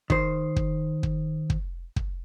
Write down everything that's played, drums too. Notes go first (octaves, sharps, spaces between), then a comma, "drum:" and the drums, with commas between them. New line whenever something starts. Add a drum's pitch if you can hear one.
D#3 C5, drum: kick
drum: kick
drum: kick
drum: kick
drum: kick